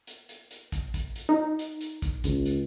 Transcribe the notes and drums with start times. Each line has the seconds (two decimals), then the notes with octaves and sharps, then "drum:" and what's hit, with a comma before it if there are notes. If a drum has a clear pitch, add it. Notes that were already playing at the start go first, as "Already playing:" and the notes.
0.07 drum: hi-hat
0.29 drum: hi-hat
0.51 drum: hi-hat
0.72 drum: kick, hi-hat
0.94 drum: kick, hi-hat
1.16 drum: hi-hat
1.29 D#4
1.59 drum: hi-hat
1.81 drum: hi-hat
2.02 drum: kick, hi-hat
2.24 C#2, drum: kick, hi-hat
2.46 drum: hi-hat